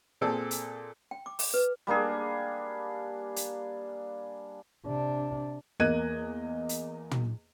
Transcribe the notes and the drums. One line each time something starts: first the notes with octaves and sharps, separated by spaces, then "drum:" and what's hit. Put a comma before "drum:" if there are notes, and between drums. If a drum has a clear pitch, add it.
A#2 C4 G#4 A4
drum: hi-hat
G5
D6
D6, drum: open hi-hat
B4
G3 A#3 D4 G#4
drum: hi-hat
C3 D4
E2 A#3 D#5 F#6 G#6 D#7
drum: hi-hat
drum: tom